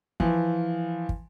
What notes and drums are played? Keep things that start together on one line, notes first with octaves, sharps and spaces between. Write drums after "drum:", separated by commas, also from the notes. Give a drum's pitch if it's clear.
E3 F3, drum: kick
drum: kick